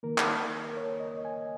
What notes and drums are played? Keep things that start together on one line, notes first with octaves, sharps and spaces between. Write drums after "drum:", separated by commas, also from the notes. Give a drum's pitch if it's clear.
D#3 A#3 A#4
drum: clap
A#4
C#5
D#5
G#5